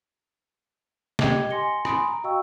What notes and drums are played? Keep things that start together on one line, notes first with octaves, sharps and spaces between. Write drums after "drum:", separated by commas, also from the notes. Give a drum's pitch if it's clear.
G4 D#5 G5 D6 G#6 G7, drum: snare
G#5 C6 A#6 C#7 G7
G#5 B5 C6 D#6 D7, drum: rim click
A#5
F#4 D#5 F5 G5 C#6 E6